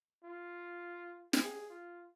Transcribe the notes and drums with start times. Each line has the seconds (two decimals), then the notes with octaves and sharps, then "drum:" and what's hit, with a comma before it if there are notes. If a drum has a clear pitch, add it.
0.24 F4
1.33 G#4, drum: snare
1.70 F4